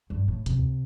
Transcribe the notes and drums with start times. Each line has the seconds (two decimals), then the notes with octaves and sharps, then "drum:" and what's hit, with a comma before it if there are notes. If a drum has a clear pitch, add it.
0.10 G2
0.28 A2
0.46 C3, drum: hi-hat
0.59 drum: kick C#2